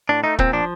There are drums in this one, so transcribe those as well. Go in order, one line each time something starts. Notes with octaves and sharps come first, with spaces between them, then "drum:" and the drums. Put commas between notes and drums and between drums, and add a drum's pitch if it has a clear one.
A2 D4
A3 D#4
A#2 C4, drum: kick
F3 D4